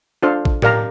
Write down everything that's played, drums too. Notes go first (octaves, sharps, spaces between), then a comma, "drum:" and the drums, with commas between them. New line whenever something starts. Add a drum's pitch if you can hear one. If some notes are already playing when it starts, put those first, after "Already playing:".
D4 F4 A4 C5 F5
drum: kick A1
G4 A#4 D5 F5 A#5, drum: tom A2